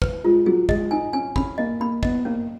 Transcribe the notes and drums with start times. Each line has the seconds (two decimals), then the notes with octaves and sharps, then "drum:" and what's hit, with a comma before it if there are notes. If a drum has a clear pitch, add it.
0.02 B4, drum: kick
0.24 G#3 F4
0.46 F#3 G#4
0.69 G#3 D#5, drum: kick
0.91 D#4 G#5
1.13 C#4 G#5
1.36 C#4 B5, drum: kick
1.58 A#3 D#5
1.80 A#3 B5
2.03 B3 D#5, drum: kick
2.25 A#3 C#4